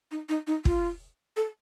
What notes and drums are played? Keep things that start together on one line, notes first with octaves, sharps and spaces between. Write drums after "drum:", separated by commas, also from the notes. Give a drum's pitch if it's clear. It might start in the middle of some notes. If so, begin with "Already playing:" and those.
D#4
D#4
D#4
F4, drum: kick
A4